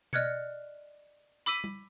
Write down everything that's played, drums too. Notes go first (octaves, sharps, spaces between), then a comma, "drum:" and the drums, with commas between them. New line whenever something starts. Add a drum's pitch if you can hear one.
D5 D#5 F6 F#6 G#6 C#7, drum: tom B2
B5 D6 E6 B6 D#7
drum: tom G3